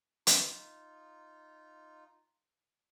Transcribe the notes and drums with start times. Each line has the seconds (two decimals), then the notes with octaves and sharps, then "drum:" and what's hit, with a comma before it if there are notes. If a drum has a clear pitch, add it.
0.27 D#4 F4, drum: hi-hat